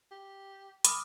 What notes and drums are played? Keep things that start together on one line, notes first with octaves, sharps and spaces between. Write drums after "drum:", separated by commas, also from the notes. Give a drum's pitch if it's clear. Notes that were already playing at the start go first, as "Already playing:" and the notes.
G4
B5 D6 D#6 F6, drum: hi-hat